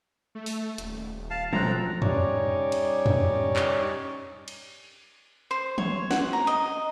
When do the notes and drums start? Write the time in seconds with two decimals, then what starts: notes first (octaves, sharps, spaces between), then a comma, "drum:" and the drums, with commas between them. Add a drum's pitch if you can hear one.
0.35 A3
0.46 drum: open hi-hat
0.78 D#1, drum: hi-hat
1.30 F5 A5
1.53 B2 F3 C4 A4 A#5 F#6, drum: tom
2.02 G3 C#4 D#4 C#5 D5, drum: tom
2.72 drum: cymbal
3.06 drum: tom
3.56 drum: clap
4.48 drum: cymbal
5.51 C5
5.78 C#5, drum: tom
6.11 F#5, drum: snare
6.33 A#5
6.47 D#5